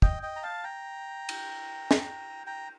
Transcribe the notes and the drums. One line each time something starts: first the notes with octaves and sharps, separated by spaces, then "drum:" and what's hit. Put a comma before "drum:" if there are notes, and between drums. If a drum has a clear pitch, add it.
D#5 G5, drum: kick
D#5 G5
A#5
F5 A5
G5 A#5
drum: cymbal
drum: snare
G5 A#5